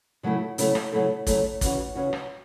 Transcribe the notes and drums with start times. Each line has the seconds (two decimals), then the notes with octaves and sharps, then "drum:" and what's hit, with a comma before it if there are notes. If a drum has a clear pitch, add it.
0.23 C#3 F#3 A3 E4 A4
0.58 C#3 F#3 A3 E4 A4, drum: hi-hat
0.75 drum: rim click
0.92 C#3 F#3 A3 E4 A4
1.27 C#3 F#3 A3 E4 A4, drum: kick, hi-hat
1.61 E2 C#3 E3 C#4 F#4, drum: kick, hi-hat
1.95 E2 C#3 E3 C#4 F#4
2.13 drum: rim click